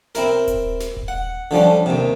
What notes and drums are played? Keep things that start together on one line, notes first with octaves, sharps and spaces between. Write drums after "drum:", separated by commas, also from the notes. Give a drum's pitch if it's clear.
C4 E4 A#4, drum: snare
drum: kick D#1, hi-hat
drum: snare
drum: kick D#1
F#5
D3 F3 G3 C#4
D#2 C3